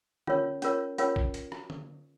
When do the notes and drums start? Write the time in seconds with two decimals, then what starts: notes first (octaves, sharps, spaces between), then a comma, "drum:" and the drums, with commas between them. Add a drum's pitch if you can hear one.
0.27 C#4 F4 A#4 C#5, drum: tom D3
0.62 C#4 F4 A#4 C#5, drum: hi-hat
0.98 C#4 F4 A#4 C#5, drum: hi-hat
1.16 drum: kick
1.34 drum: hi-hat
1.52 drum: rim click
1.70 drum: tom D3